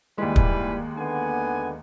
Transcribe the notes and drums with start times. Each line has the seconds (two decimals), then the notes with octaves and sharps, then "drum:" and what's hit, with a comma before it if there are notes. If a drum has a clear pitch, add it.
0.18 D#2 E3 G3 G#3 B4
0.36 drum: kick
0.98 D3 B3 G#5